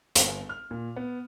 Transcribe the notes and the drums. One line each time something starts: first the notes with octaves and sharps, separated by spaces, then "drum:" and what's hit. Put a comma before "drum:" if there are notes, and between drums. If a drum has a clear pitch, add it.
G1, drum: hi-hat
F6
A#2
B3